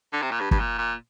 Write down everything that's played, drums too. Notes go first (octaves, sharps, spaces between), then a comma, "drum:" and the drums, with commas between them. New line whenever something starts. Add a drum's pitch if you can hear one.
D3
C3
A#2
G2
G2, drum: kick
A#2
A#2